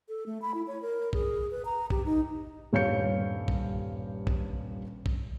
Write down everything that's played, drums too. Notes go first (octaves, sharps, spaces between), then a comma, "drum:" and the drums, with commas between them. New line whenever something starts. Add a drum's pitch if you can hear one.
A4
A3
B5
E4
C#5
A#4
G#4, drum: kick
B4
A#5
G4, drum: kick
D#4
D#1 G2 C#5 F5 G6 C#7
drum: kick
drum: kick
drum: kick